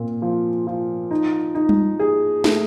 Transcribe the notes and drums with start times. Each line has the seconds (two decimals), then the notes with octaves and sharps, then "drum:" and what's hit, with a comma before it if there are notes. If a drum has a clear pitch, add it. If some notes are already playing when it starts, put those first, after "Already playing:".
Already playing: A#2 C4
0.22 F3
0.67 F3
1.11 D#4
1.55 D#4
1.69 drum: tom G3
1.99 G#4
2.44 A3, drum: snare